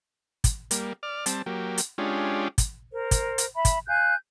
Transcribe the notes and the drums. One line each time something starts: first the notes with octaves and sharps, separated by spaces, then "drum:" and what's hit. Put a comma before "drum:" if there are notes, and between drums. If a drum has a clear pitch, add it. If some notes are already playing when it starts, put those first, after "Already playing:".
drum: kick, hi-hat
G3 A#3, drum: hi-hat
D5 F6
G3 C4 A5, drum: hi-hat
F#3 A#3 G4
drum: hi-hat
G#3 C#4 D4 F4 G4
drum: kick, hi-hat
A#4 C5
drum: kick, hi-hat
drum: hi-hat
E5 B5
drum: kick, hi-hat
F5 G#5 F#6 G6